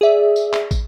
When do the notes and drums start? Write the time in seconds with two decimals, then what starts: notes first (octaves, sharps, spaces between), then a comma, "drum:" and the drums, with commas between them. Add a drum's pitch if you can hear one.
0.01 G#4 D5 E5
0.36 drum: tambourine
0.53 drum: clap
0.71 drum: kick, tambourine